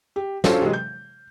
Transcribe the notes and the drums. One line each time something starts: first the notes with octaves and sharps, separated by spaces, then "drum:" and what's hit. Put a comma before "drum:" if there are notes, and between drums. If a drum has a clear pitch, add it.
G4
F#3 C#4 D4 F4 A4 C5, drum: snare
C3 E3 F#3 G#3
G6